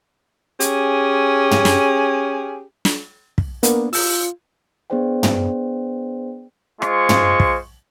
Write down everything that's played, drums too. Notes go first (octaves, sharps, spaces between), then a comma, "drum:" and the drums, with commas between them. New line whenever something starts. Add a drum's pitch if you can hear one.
C#4 G4 G#4, drum: hi-hat
drum: tom
drum: snare
drum: snare
drum: kick
A#3 B3 D4 A#4, drum: hi-hat
F4 E6 G6, drum: open hi-hat
B3 D4 G#4 C5 D5 G5
drum: tom
G#3 F4 C5 C#6, drum: rim click
drum: tom
drum: kick